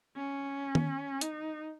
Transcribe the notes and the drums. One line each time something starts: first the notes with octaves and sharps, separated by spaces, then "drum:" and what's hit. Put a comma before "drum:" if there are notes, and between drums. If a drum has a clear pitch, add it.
C#4
drum: tom D#3
D#4, drum: hi-hat